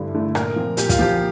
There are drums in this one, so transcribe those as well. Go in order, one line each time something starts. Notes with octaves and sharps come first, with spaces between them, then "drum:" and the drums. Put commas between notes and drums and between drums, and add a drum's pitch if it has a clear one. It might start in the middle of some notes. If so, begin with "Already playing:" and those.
Already playing: G2 D3 A3 E4
D3 A3 E4
A#2 A#4, drum: rim click
F3 C4
A#2 G4, drum: hi-hat
F4, drum: kick, hi-hat
F3 C4 G4